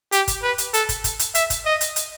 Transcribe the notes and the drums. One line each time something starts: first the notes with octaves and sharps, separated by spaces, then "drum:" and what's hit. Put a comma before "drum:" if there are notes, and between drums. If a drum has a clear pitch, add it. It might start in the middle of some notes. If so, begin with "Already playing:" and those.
G4, drum: hi-hat
drum: kick, hi-hat
B4
drum: hi-hat
A4, drum: hi-hat
drum: kick, hi-hat
drum: kick, hi-hat
drum: hi-hat
E5, drum: hi-hat
drum: kick, hi-hat
D#5
drum: hi-hat
drum: hi-hat